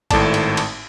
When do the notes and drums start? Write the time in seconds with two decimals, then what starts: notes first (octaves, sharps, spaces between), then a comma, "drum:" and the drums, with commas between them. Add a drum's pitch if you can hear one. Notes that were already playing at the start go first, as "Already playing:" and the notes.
0.11 G#1 A2 A3 D5 A5, drum: kick A1, cymbal
0.34 drum: cymbal
0.57 drum: cymbal